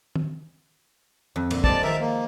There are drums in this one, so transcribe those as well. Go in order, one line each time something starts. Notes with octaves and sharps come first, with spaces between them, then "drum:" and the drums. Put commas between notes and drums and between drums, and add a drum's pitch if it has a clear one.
drum: tom
F2
A#2 D3, drum: cymbal
F3 G3 G#3 D5 A5, drum: kick
D#3 F3 A#4 E5
A#3